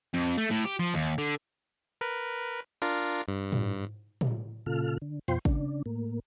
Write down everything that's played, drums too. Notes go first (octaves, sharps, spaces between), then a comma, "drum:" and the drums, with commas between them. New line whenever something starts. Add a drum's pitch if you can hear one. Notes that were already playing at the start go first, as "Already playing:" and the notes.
F2
A3
A2
G4
F3
D#2
D3
A#4 B4
D4 F4 A#4
G2
drum: tom
drum: tom
A#2 C#3 F4 A4 F6
D3
F2 B2 F4 C5 G5 C6, drum: hi-hat
C#3 D4, drum: kick
A2 A#3